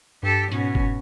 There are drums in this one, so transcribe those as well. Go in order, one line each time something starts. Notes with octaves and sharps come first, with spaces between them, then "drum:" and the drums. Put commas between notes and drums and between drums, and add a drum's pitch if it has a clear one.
G2 G4 A4
G#2 B2 C#4, drum: hi-hat
drum: kick F#1